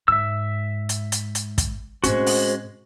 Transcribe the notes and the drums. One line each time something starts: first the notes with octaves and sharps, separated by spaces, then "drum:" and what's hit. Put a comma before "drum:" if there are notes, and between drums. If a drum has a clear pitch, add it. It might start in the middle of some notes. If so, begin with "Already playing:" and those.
G#2 E5 E6
drum: hi-hat
drum: hi-hat
drum: hi-hat
drum: kick, hi-hat
A2 G#3 C4 C#4 F#4 C5, drum: hi-hat
drum: open hi-hat